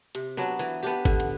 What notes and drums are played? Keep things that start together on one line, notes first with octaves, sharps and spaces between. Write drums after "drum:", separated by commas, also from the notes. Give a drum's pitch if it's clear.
C3, drum: hi-hat
F#3 B3 D4
E3, drum: hi-hat
B3 D4 G4
D3, drum: kick, hi-hat
drum: hi-hat